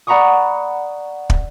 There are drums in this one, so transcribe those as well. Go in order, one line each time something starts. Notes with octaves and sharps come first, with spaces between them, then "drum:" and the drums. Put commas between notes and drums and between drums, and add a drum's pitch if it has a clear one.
D5 F#5 A#5 B5 C#6 D#6
drum: kick